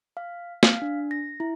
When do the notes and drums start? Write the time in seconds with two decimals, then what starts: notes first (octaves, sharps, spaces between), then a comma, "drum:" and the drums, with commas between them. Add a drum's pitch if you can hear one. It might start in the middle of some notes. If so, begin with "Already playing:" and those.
0.17 F5
0.63 F5, drum: snare
0.82 D4
1.11 A#6
1.40 E4